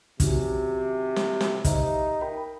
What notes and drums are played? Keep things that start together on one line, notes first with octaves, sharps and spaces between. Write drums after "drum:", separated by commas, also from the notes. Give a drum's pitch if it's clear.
C3 D#3 F#3 C#4, drum: kick, hi-hat
drum: snare
drum: snare
D#4 G4 C5 E5, drum: kick, hi-hat
A#4 G5 B5